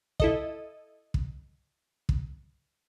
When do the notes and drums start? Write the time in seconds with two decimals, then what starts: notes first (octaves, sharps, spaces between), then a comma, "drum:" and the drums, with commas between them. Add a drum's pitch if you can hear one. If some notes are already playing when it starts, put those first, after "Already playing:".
0.20 E4 A4 D#5, drum: kick
1.14 drum: kick
2.09 drum: kick